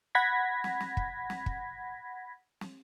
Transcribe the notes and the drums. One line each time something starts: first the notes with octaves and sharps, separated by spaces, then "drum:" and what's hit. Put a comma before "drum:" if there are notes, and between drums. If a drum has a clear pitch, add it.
F#5 B5 G#6 A#6 B6
drum: snare
drum: snare
drum: kick
drum: snare
drum: kick
drum: snare